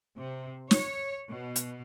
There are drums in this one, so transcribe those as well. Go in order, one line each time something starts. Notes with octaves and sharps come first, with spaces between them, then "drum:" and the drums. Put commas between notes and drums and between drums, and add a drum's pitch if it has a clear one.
C3
C#5, drum: snare
B2
drum: hi-hat